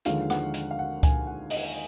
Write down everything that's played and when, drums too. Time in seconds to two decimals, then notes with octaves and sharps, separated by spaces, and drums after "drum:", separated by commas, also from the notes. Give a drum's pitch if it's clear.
0.05 D#2 D3 F3 G#3 F5, drum: hi-hat
0.30 F#5, drum: rim click
0.54 drum: hi-hat
0.71 F5
0.79 F#5
1.03 G#5, drum: kick C#2, hi-hat
1.27 F#5
1.50 D#5, drum: open hi-hat